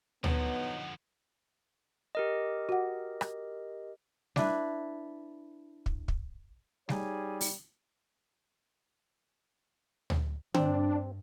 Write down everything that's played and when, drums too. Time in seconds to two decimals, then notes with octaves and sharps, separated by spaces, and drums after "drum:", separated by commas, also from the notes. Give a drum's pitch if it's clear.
0.24 D3 F3 F#3 B3 D#4 F#5, drum: tom D2
2.15 G4 A#4 D#5
2.69 F#4 F#5
3.21 drum: rim click
4.36 D4 E4 B4, drum: snare G3
5.86 drum: kick
6.08 drum: kick
6.89 G3 D#4 G#4 C#5 G#5, drum: snare G3
7.41 drum: open hi-hat
10.10 drum: tom D2
10.54 G2 C4 D4, drum: tom D3